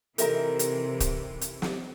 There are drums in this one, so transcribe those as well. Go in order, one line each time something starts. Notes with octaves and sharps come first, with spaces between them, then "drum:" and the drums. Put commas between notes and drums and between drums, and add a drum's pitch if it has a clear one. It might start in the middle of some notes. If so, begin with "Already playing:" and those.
C3 E3 D#4 G4 A4 A#4 E5 A#5, drum: hi-hat
drum: hi-hat
drum: kick, hi-hat
drum: hi-hat
drum: snare